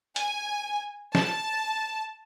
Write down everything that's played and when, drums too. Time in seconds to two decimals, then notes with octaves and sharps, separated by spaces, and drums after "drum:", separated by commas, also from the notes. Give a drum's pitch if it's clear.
0.16 G#5, drum: hi-hat
1.15 A5, drum: snare